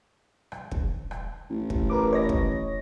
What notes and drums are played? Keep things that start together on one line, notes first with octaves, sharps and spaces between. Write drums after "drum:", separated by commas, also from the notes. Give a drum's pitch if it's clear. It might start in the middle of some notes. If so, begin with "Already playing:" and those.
drum: rim click
drum: kick
drum: rim click
A1
drum: kick
A#4 B4 D6
C#5 D#5 A#6
drum: kick